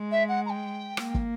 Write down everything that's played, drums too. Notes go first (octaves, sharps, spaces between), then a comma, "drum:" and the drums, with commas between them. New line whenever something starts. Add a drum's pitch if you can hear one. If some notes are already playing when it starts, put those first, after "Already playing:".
Already playing: G#3
E5
F#5
A#5
G5
A#3, drum: rim click
drum: kick